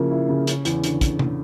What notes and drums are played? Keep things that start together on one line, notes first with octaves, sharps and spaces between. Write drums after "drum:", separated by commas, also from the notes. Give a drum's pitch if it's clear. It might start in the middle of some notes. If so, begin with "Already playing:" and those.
Already playing: C#3 F3 A#3 E4
E4
C#3
C#4, drum: hi-hat
E2, drum: hi-hat
D3, drum: hi-hat
drum: kick, hi-hat
drum: tom C3